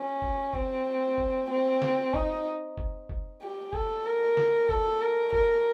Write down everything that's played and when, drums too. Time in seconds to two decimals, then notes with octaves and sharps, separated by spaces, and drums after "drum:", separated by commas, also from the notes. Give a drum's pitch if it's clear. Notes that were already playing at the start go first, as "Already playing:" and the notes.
Already playing: C#4
0.22 drum: kick
0.53 C4, drum: kick
1.18 drum: kick
1.50 C4
1.82 drum: snare
2.14 D#4, drum: kick
2.77 drum: kick
3.09 drum: kick
3.41 G4
3.73 A4, drum: kick
4.06 A#4
4.37 drum: snare
4.69 A4, drum: kick
5.01 A#4
5.33 A#4, drum: kick